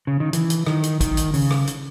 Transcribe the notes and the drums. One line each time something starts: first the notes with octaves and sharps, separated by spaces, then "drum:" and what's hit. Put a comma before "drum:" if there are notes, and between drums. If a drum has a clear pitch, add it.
C#3
D#3
E3, drum: hi-hat
drum: hi-hat
D#3, drum: rim click
drum: hi-hat
D#3, drum: kick, hi-hat
drum: hi-hat
C#3, drum: open hi-hat
drum: rim click
drum: hi-hat